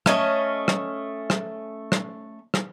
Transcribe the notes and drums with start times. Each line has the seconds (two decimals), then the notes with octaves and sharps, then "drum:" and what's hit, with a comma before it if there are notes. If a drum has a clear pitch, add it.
0.06 A3 C#4 D#5, drum: rim click
0.68 drum: rim click
1.30 drum: rim click
1.92 drum: rim click
2.54 drum: rim click